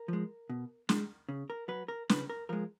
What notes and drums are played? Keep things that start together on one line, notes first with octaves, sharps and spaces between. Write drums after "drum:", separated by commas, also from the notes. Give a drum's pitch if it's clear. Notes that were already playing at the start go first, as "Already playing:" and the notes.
Already playing: A#4
F3 G#3
B2
G#3, drum: snare
C#3
A#4
F#3 B4
A#4
C#3 B4, drum: snare
A#4
F3 G#3 A#4